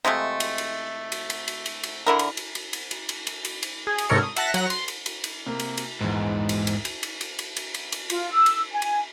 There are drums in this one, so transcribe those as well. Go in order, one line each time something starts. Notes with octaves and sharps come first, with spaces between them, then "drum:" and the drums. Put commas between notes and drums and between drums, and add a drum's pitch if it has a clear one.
C3 F3 G#3 A3
drum: cymbal
drum: cymbal
drum: cymbal
drum: cymbal
drum: cymbal
drum: cymbal
drum: cymbal
D3 E4 A#4
drum: cymbal
drum: cymbal
drum: cymbal
drum: cymbal
drum: cymbal
drum: cymbal
drum: cymbal
drum: cymbal
drum: cymbal
G#4
drum: cymbal
G#2 C3 A4 A#4 C#5 C#7
D#6
E5 F#5 A5 F#6 A#6 B6, drum: cymbal
F#3 F#5 A#5 A#6, drum: cymbal
C6, drum: cymbal
drum: cymbal
drum: cymbal
drum: cymbal
C3 A#3
drum: cymbal
drum: cymbal
A#1 E2 G#2
drum: cymbal
drum: cymbal
drum: cymbal
drum: cymbal
drum: cymbal
drum: cymbal
drum: cymbal
drum: cymbal
drum: cymbal
F4, drum: cymbal
E6
drum: cymbal
G#5
drum: cymbal